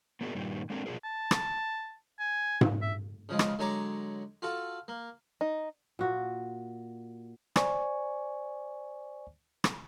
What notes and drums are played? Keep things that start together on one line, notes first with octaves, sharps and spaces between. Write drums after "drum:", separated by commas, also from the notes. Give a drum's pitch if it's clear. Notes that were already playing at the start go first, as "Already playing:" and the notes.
A#3 B3 D4 F#4 G#4 A#4
G2 A#2 D#3 G3
G#3 C4 D4 A4 A#4
B2 D4 F4 G#4 A#4
A5
drum: rim click
G#5
drum: tom G#2
E5
C#3 F3 G#3
drum: rim click
D3 F#3 G#3 C#5 A#5 D6
F4 F#4 A4
A#3
D#4
A#2 F#4
C5 D5 G#5 C#6, drum: rim click
drum: rim click